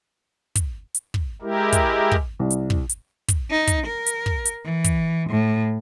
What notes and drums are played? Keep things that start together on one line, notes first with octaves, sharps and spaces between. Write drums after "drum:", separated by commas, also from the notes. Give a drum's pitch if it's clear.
drum: kick, hi-hat
drum: hi-hat
drum: kick
G#3 E4 G4 A#4
drum: kick, hi-hat
drum: kick
C2
drum: hi-hat
drum: kick
drum: hi-hat
drum: kick, hi-hat
D#4
drum: kick, hi-hat
A#4
drum: hi-hat
drum: kick
drum: hi-hat
E3
drum: kick, hi-hat
A2